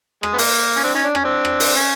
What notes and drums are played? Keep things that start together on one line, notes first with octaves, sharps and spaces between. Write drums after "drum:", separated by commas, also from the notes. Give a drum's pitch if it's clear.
G#3, drum: rim click
B3
A#3, drum: open hi-hat
C#4
C4 D4
C#4 D#4
D4
C#4, drum: rim click
C4 D4
drum: rim click
drum: open hi-hat
C#4